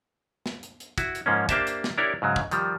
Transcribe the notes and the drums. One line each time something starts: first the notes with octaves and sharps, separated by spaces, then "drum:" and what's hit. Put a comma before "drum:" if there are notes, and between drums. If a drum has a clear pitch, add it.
drum: snare
drum: hi-hat
drum: hi-hat
E4 F#4, drum: kick, hi-hat
drum: hi-hat
G#2 F3 A#3 C#4
A#3 D4 G4 C5 E5 A5, drum: kick, hi-hat
drum: hi-hat
drum: snare
D4 E4 G4 A#4 C#5 D5
G#2 C#3 F#3
drum: kick
D#3 F3 G3, drum: hi-hat